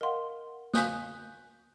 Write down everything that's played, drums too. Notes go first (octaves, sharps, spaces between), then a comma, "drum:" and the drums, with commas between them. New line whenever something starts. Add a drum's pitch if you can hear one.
A#4 D#5 F5 F#5 C6
F5 G#5 D#6 F#6 G6 B6, drum: snare